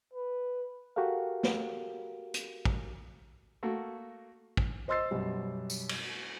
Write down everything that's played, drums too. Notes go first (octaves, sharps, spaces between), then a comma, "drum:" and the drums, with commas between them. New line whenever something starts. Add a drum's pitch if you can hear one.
B4
F#4 G4 A4 A#4 F5
drum: snare
drum: hi-hat
drum: kick
A3 A#3 F#4
drum: kick
C5 D#5 C6 E6 A6 C7
F#2 B2 G3
drum: tambourine
drum: cymbal